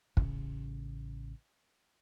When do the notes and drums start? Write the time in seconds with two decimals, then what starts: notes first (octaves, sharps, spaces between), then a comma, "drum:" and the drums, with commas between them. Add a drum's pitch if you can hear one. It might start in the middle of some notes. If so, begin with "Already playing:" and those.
0.17 A1 C#3, drum: kick